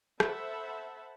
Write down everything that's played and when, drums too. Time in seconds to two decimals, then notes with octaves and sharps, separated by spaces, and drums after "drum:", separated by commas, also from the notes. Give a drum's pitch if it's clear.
0.20 A4 C5 E5 F#5 A5 B5, drum: rim click